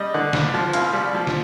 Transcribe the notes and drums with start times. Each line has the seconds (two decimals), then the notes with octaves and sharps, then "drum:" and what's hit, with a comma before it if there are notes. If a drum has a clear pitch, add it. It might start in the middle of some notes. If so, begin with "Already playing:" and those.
Already playing: G3 D#5
0.14 D3
0.33 G2, drum: snare
0.54 F3
0.73 C2 F5, drum: hi-hat
0.93 G3
1.14 F3
1.27 drum: snare